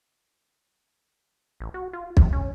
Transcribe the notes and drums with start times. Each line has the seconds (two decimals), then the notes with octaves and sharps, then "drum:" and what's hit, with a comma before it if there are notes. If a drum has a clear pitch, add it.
1.60 A1
1.74 F#4
1.93 F4
2.17 C3, drum: kick
2.33 C#4